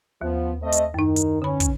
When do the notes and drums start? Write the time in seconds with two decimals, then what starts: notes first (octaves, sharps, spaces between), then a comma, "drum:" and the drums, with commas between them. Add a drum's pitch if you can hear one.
0.21 D#2 F3 B3
0.62 A3 C4 D#5
0.72 drum: hi-hat
0.94 F#2 D#3 D#4
1.16 drum: hi-hat
1.42 D3 C#4 B5
1.60 drum: kick, hi-hat